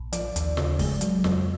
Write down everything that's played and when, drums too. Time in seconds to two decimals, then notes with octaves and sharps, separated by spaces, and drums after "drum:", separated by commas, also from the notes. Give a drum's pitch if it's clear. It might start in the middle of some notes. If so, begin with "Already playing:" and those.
Already playing: A#1
0.13 F3 D5, drum: hi-hat
0.36 D#2, drum: hi-hat
0.57 C#3, drum: snare
0.79 G#3, drum: kick, open hi-hat
1.01 F#3, drum: hi-hat
1.24 F2, drum: snare